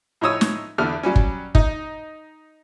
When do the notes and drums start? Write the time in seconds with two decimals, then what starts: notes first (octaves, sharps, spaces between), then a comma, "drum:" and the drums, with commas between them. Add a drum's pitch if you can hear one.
0.21 A2 F3 D#4 C#5 D#6 E6
0.41 drum: snare
0.78 E2 D3 F6
1.03 F#3 G3 C#4
1.16 drum: kick
1.55 D#4, drum: kick